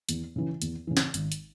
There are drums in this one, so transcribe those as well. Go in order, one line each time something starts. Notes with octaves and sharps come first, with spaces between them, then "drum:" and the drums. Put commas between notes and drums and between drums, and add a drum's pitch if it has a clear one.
E2, drum: hi-hat
C#3 E3
E2, drum: hi-hat
C#3 E3
drum: snare
G#1, drum: hi-hat
drum: hi-hat